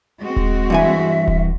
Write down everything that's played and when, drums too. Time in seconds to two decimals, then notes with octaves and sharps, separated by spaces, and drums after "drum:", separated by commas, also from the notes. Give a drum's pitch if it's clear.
0.21 G#3 C4 F#4
0.36 drum: kick D#1
0.70 G2 E3 E5 G#5
1.28 drum: kick D#1